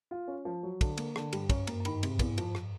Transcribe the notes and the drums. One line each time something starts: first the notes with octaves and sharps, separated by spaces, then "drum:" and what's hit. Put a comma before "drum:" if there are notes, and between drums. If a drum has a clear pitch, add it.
F4
C#4
F3
F#3
D3, drum: kick, cymbal
A#3, drum: cymbal
D3, drum: rim click
G2 G3, drum: cymbal
G2
F#2 C#4, drum: kick, cymbal
F#2 A#3, drum: cymbal
F#2
G2 D#3, drum: cymbal
G#2 C3, drum: cymbal
E2, drum: kick, cymbal
F3, drum: cymbal
drum: rim click